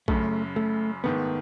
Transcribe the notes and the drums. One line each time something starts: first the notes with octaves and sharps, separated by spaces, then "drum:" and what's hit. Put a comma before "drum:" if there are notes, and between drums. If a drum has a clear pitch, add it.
F#1 F#2 C#3 A3, drum: kick
A3
G#2 D#3 A3 B3